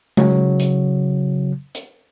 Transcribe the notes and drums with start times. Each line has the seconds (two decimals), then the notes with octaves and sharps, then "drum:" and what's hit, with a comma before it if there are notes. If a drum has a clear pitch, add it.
0.17 C#3 F#3, drum: tom G#3
0.60 drum: hi-hat
1.75 drum: hi-hat